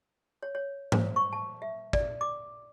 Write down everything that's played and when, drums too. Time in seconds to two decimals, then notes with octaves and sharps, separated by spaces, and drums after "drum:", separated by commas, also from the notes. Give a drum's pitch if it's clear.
0.43 C#5
0.55 C#5
0.92 C5, drum: tom G#2
1.16 C#6
1.33 A5
1.62 E5
1.93 D5, drum: kick
2.21 D6